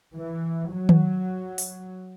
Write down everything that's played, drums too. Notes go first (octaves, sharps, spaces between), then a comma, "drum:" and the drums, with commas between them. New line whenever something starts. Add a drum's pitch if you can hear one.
E3
F#3
drum: tom D#3
drum: open hi-hat